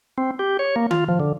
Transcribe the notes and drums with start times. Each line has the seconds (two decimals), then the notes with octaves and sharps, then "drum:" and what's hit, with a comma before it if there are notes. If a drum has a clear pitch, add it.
0.18 C4
0.39 G4
0.59 C#5
0.76 A#3
0.91 F4, drum: tom D#3
1.08 F3
1.20 D3